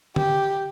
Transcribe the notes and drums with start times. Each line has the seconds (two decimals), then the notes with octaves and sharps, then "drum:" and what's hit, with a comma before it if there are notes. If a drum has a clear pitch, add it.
0.16 G4, drum: tom D3